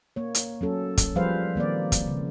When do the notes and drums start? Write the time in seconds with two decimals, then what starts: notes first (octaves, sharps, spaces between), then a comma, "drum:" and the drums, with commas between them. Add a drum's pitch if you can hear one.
0.16 A#3 C#5
0.35 drum: hi-hat
0.61 F#3 C#4 A4
0.97 drum: kick, hi-hat
1.16 F3 G3 G#4 B4 C5 F5
1.55 D#3 A#3 C4 D5
1.92 drum: kick, hi-hat
2.08 C#3